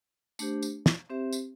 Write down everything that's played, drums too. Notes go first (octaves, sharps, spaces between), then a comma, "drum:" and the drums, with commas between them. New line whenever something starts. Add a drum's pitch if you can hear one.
A3 D4 G4 C5, drum: tambourine
drum: tambourine
drum: snare
C4 G4 C5 E5
drum: tambourine